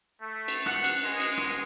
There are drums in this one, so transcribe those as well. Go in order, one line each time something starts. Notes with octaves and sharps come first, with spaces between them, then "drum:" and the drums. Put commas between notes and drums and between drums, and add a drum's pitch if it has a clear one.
A3
drum: cymbal
F#5, drum: rim click
drum: cymbal
G#3
drum: cymbal
drum: rim click